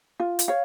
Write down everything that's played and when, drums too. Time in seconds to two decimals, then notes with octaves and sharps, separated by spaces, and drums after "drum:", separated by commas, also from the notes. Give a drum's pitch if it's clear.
0.20 F4
0.39 drum: hi-hat
0.48 C#5 F5